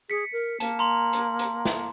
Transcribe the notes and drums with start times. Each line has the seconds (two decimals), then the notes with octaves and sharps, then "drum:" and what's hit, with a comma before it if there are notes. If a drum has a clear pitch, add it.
0.10 G#4 B6 C#7
0.32 A#4
0.60 A#3 A5, drum: hi-hat
0.79 A#5 C6 F#7
1.13 drum: hi-hat
1.39 drum: hi-hat
1.65 drum: snare